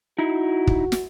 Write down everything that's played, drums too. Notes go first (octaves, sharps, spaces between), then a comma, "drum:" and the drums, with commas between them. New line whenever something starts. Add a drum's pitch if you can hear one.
D#4 E4 F#4
drum: kick
drum: snare